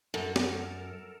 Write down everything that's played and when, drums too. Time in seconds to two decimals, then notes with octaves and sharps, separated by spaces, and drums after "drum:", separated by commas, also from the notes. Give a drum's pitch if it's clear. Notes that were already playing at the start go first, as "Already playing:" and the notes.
0.14 F#2 A4 A#4
0.36 drum: snare